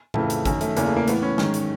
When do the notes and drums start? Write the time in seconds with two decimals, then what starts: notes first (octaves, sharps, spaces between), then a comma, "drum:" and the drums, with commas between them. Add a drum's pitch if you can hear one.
0.14 F2 C#3 E3 A3, drum: tom A2
0.30 drum: hi-hat
0.45 F#2 D#3, drum: kick G#1, hi-hat
0.61 A3, drum: hi-hat
0.77 E2 C#3 E3 A#3, drum: hi-hat
0.86 A3
0.96 A#3
1.08 A2 E3 B3, drum: hi-hat
1.23 C#4
1.38 G#2 D#3, drum: snare
1.54 drum: hi-hat